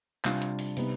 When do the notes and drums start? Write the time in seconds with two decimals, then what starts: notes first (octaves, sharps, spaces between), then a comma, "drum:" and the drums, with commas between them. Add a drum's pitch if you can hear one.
0.25 C3 G3 D4 F4, drum: clap
0.42 drum: hi-hat
0.59 drum: open hi-hat
0.77 C3 G3 B3 D#4, drum: open hi-hat